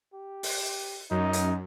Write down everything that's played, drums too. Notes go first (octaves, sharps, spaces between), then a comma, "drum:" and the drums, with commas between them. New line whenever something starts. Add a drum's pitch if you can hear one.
G4
drum: open hi-hat
F#2 D#4
drum: hi-hat